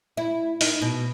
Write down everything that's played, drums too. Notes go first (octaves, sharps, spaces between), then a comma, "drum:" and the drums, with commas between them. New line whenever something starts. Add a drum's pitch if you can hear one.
E4
D#4, drum: open hi-hat
B2